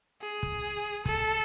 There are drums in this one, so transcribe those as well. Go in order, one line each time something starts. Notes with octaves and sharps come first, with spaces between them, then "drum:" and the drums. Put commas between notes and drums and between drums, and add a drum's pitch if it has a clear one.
G#4
drum: kick
A4, drum: kick